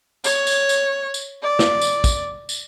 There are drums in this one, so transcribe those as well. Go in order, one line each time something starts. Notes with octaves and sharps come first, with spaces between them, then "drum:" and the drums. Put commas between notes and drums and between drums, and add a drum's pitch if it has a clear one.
C#5, drum: tambourine
drum: tambourine
drum: tambourine
drum: tambourine
D5
drum: snare
drum: tambourine
drum: kick, tambourine
drum: tambourine